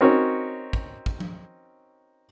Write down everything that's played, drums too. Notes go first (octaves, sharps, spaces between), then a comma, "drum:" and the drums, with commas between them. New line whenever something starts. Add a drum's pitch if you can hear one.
C4 C#4 D#4 F#4 A#4 C#5
drum: kick
drum: kick
drum: tom F3